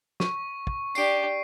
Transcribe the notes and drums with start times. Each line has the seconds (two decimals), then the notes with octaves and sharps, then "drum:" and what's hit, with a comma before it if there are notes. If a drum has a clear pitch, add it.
0.20 C#6, drum: snare
0.67 drum: kick
0.95 D4 G4 C7 D7, drum: tambourine